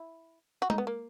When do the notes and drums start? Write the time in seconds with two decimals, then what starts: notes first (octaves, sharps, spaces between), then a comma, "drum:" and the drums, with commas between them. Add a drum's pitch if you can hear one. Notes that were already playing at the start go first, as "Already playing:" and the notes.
Already playing: E4
0.62 F#4
0.70 D#4, drum: tom G#3
0.78 B3
0.87 A#3